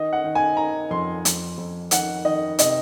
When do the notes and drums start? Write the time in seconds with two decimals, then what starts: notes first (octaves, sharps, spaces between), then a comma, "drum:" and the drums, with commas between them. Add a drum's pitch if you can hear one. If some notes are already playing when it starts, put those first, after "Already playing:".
Already playing: D#3 D#5
0.13 F#5
0.24 D#3
0.35 G#5
0.57 D#3 A#5
0.91 F2 C6
1.25 F2, drum: hi-hat
1.58 F2
1.91 D#3 F#5, drum: hi-hat
2.25 D#3 D#5
2.59 C3 D#5, drum: hi-hat